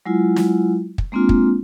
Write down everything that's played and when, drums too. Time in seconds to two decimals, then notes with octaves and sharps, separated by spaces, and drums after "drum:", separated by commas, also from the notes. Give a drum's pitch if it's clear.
0.05 F#3 G#3 E4 F4
0.36 drum: snare
0.98 drum: kick
1.12 G#3 A#3 C4 D4 F4
1.29 drum: kick